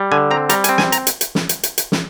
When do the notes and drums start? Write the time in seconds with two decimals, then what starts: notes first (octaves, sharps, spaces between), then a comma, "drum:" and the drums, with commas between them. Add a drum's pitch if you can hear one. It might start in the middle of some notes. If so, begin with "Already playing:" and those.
Already playing: G3
0.12 D3 G#5
0.31 C4 A#5
0.49 G3 A#5, drum: hi-hat
0.64 G#5, drum: hi-hat
0.69 C4
0.78 G#5, drum: snare
0.92 A#5, drum: hi-hat
1.07 drum: hi-hat
1.21 drum: hi-hat
1.35 drum: snare
1.49 drum: hi-hat
1.63 drum: hi-hat
1.78 drum: hi-hat
1.92 drum: snare